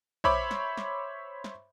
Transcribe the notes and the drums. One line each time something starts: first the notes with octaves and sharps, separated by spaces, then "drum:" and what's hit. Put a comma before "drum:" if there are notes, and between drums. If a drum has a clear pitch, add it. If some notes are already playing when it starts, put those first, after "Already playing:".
C5 C#5 E5 B5 C6 D6, drum: kick A#1
drum: snare
drum: snare
drum: snare